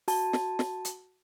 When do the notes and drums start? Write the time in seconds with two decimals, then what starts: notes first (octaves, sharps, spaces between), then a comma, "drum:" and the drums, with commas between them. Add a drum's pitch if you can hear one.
0.08 F#4 A5, drum: open hi-hat
0.33 drum: snare
0.59 drum: snare
0.85 drum: hi-hat